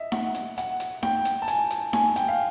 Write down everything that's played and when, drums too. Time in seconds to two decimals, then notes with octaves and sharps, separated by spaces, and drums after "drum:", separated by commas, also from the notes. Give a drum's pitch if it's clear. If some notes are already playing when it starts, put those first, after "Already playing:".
Already playing: D#5 E5
0.12 F#5, drum: snare D#4
0.35 drum: hi-hat
0.58 F#5, drum: hi-hat
0.80 drum: hi-hat
1.03 G5, drum: snare D#4
1.25 drum: hi-hat
1.42 A5
1.48 G#5, drum: hi-hat
1.70 drum: hi-hat
1.93 G#5, drum: snare D#4
2.16 G5, drum: hi-hat
2.28 F5